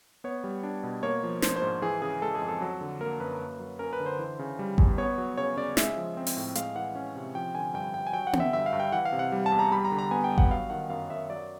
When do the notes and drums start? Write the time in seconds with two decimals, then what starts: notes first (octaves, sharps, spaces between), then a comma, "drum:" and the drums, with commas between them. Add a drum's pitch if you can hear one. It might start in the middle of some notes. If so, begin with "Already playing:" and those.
0.24 B3 C#5
0.44 G3
0.63 D4
0.83 B2
1.03 A#3 C#5
1.23 F3
1.42 D4 C5, drum: snare
1.56 C5
1.62 G#2
1.82 E3 G#4
2.02 C#3 G#4
2.22 G#3 A4
2.35 G#4
2.42 F2
2.48 A4
2.61 F#3
2.81 D3
3.01 A#3 A#4
3.20 F#2 B4
3.40 A#3
3.60 F#3
3.79 C#4 A#4
3.93 B4
4.00 D3
4.06 C5
4.19 E3
4.39 C#3
4.59 G3
4.78 E2, drum: kick G#1
4.98 B3 C#5
5.18 F#3
5.37 C#3 C#5
5.57 C#3 D5
5.77 G#3 E5, drum: snare
5.97 F3
6.17 C4
6.27 drum: open hi-hat
6.37 A2
6.55 G#3 F5, drum: hi-hat
6.75 E3 F#5
6.95 C#4
7.15 C3
7.35 F3 G5
7.55 D3 G#5
7.74 G2 G5
7.94 G2 G5
8.07 G#5
8.13 F#3 G5
8.27 F#5
8.33 D3, drum: tom B3
8.40 E5
8.53 G2 E5
8.66 F5
8.73 G2
8.80 G5
8.92 E3 F#5
9.05 F5
9.13 C3
9.19 F#5
9.32 G3
9.46 A5
9.52 E2
9.59 A#5
9.72 G3 B5
9.85 A#5
9.92 D3
9.99 A#5
10.11 B3 G#5
10.24 G5
10.31 G2
10.38 F#5, drum: kick G#1
10.50 F#3 F5
10.70 D#3 F#5
10.90 F#2 F5
11.10 F#2 E5
11.30 F#3 D5